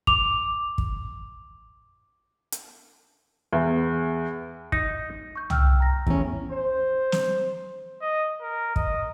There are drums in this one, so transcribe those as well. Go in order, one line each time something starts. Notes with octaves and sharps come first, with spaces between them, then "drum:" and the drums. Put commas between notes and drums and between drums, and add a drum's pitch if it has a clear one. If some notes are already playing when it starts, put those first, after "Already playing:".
D6 F7, drum: kick
drum: kick
drum: hi-hat
E2
D#4, drum: kick
C#6 G6
G5 E6 F6, drum: tom
A#5 A#6
E2 A2 C#4, drum: kick
C5
drum: snare
D#5
A#4
D#5, drum: kick